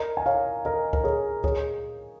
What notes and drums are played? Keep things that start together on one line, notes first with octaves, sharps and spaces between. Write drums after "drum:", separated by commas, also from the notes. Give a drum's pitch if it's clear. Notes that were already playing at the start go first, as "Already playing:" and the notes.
Already playing: A#4 D#5
G#5
C#5 F5
A#4 D#5
A#4, drum: kick C#2
G#4 C#5
G#4 C#5, drum: kick C#2